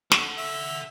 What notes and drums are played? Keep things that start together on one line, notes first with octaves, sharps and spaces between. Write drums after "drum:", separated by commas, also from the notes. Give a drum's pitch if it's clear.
A4 F#5, drum: snare
E5